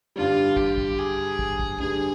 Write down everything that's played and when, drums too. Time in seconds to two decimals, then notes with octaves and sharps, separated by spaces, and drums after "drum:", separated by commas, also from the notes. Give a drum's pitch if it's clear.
0.16 G2 D3 G3 F4
0.57 G4, drum: kick
0.78 drum: kick
0.98 G#4
1.39 drum: kick
1.60 drum: kick
1.80 G2 D3 G3 G#4